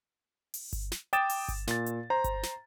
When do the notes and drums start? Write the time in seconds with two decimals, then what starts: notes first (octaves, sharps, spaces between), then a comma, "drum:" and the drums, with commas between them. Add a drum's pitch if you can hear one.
0.54 drum: open hi-hat
0.73 drum: kick G1, hi-hat
0.92 drum: snare
1.13 G5 D6 D#6 A6 E7, drum: hi-hat
1.29 drum: open hi-hat
1.48 drum: kick G1, hi-hat
1.67 A#2 A6, drum: snare
1.86 drum: hi-hat
2.10 C5 A#5
2.24 drum: kick G1, hi-hat
2.43 drum: snare